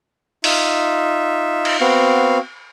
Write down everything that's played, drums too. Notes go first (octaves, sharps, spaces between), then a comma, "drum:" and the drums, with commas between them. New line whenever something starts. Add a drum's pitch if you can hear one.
D#4 F4 E5, drum: open hi-hat
drum: cymbal
B3 C4 F#4 F5